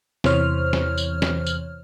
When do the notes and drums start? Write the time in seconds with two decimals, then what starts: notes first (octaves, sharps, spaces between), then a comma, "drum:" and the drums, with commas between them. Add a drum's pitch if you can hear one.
0.24 E2 C3 E3 C5 C#5 F6, drum: snare
0.73 drum: snare
0.98 drum: tambourine
1.22 drum: snare
1.47 drum: tambourine